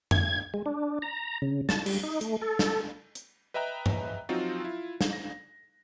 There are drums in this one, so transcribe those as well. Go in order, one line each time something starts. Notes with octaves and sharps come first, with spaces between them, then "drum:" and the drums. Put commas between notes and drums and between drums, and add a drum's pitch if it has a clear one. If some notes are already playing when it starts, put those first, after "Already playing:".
G#6, drum: tom F2
G#3
D4
A#5
C#3
A5, drum: snare
G3, drum: cymbal
D#4
A3, drum: hi-hat
A4
drum: snare
drum: hi-hat
B4 D#5 E5 G5 A#5 F#6
drum: tom G2
F3 F#3 C4 D#4 F4 F#4
E4 F4
drum: snare
A#6